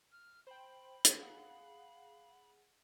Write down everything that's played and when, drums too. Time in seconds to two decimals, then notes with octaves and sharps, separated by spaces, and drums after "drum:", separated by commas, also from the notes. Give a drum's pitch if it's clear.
0.12 F6
0.47 C5 G5 B5
1.05 F#5, drum: hi-hat
1.18 G#4 F5 F#5